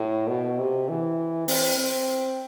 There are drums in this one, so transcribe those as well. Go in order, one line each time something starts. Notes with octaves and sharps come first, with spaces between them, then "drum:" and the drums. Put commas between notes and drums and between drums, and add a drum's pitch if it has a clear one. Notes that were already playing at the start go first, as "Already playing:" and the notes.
Already playing: A2
B2
C3
E3
C4, drum: open hi-hat
C4